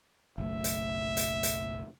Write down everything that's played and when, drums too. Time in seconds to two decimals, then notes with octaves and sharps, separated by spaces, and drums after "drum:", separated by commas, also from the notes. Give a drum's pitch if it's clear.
0.38 F#1 B1 A3 E5
0.64 drum: hi-hat
1.17 drum: hi-hat
1.43 drum: hi-hat